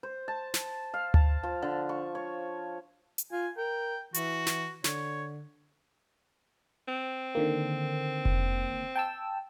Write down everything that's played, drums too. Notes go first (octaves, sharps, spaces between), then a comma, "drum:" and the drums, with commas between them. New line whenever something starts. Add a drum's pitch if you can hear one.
C5
A5
drum: snare
F5
A5, drum: tom D2
F3
D3
C#6
C#5
drum: hi-hat
F4 G#5
A#4 G5
E3 F#4, drum: hi-hat
drum: snare
D3 C#5, drum: snare
C4
D3 D#3 A#3
drum: kick F1
G5 A5 E6